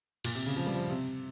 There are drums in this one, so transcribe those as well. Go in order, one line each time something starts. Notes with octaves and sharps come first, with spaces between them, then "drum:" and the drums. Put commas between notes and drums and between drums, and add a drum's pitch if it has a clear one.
A#2, drum: cymbal
C3
C#3
F3
G3
F3
C3